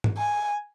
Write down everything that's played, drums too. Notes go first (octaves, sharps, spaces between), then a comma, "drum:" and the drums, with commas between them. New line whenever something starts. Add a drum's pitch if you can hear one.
drum: tom G#2
G#5